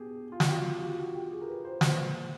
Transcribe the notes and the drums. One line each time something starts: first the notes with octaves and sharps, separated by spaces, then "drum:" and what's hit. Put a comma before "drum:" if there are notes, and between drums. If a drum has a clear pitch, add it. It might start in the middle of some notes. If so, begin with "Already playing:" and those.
Already playing: B2 G4 G#4
F4
F#4, drum: snare
G4
F4
F#4
F#4
G4
G#4
A#4
B4
C5
A#2 F3 C5, drum: snare